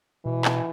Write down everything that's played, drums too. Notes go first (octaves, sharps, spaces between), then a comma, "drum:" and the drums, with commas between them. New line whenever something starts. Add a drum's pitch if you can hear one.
B2 E3
drum: clap